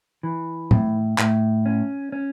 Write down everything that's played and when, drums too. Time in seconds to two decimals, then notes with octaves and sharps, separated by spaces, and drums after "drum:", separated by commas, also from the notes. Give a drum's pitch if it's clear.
0.23 E3
0.71 A2, drum: tom
1.18 A2, drum: clap
1.66 C#4
2.12 C#4